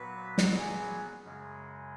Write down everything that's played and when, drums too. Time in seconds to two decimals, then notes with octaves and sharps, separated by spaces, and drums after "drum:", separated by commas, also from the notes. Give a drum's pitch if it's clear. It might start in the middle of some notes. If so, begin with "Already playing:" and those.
Already playing: A#2 F#3 B3 F#4 B4
0.38 drum: snare
0.57 G#4
1.24 F#2 C#3 G#3